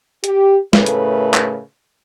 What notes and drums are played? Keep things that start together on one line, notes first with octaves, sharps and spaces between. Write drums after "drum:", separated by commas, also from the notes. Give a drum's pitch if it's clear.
G4, drum: hi-hat
A2 C#3 A3 A#4 B4, drum: snare
drum: hi-hat
drum: clap